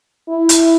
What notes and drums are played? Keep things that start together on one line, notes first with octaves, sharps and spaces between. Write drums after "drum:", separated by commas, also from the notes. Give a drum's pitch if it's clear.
E4
drum: hi-hat